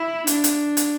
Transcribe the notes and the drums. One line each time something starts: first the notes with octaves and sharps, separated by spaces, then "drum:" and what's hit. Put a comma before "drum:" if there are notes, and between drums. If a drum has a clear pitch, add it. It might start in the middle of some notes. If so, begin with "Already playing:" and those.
Already playing: E4
D4, drum: hi-hat
drum: hi-hat
drum: hi-hat